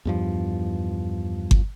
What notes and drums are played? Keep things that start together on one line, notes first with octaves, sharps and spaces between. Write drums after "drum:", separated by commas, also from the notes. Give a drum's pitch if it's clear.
E2 G2 F3
drum: kick G1